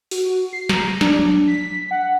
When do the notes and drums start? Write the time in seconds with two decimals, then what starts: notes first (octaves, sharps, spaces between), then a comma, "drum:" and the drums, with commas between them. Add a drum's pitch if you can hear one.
0.11 F#4, drum: open hi-hat
0.53 C7
0.69 A#5, drum: snare
1.01 D4, drum: snare
1.19 drum: tom F3
1.47 B6
1.91 F#5